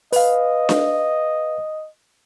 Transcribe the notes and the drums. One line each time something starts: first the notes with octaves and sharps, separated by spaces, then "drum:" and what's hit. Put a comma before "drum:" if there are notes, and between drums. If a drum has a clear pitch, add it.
B4 D#5 F5, drum: open hi-hat
drum: snare D4